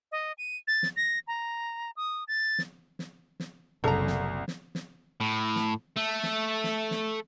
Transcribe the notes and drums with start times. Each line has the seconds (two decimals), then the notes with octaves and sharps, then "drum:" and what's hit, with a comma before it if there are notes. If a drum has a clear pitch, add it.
0.12 D#5
0.38 D#7
0.68 A6
0.83 drum: snare
0.96 A#6
1.28 A#5
1.96 D#6
2.28 A6
2.58 drum: snare
2.99 drum: snare
3.40 drum: snare
3.84 F#1 C2 A4 A#5
4.07 drum: snare
4.48 drum: snare
4.75 drum: snare
5.21 A2
5.56 drum: snare
5.97 A3
6.23 drum: snare
6.64 drum: snare
6.91 drum: snare